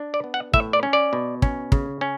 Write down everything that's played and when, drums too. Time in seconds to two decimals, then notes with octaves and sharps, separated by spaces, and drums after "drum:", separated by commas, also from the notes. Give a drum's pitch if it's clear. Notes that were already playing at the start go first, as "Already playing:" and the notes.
Already playing: D4
0.14 D5
0.24 B3
0.34 F#5
0.54 A2 E5, drum: kick
0.73 D5
0.83 C#4
0.93 D5
1.13 B2
1.42 C#4, drum: kick
1.72 C#3, drum: kick
2.01 C#4